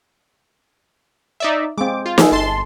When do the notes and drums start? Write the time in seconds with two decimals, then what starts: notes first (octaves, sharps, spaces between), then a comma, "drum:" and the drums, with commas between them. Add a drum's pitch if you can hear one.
1.40 D#4 D5 E5
1.78 G#3 C4 D6
2.06 F4
2.18 G#4 A4, drum: snare
2.32 G1 A5 C6